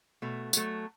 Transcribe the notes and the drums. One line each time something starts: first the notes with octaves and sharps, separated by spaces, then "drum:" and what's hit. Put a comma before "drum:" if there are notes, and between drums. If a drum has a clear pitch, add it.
B2 A3
F#3 A3, drum: tambourine